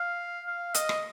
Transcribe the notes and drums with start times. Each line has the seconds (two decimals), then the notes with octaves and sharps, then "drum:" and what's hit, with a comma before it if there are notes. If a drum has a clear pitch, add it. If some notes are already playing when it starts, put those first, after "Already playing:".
Already playing: F5
0.47 F5
0.74 D#5, drum: hi-hat
0.89 drum: rim click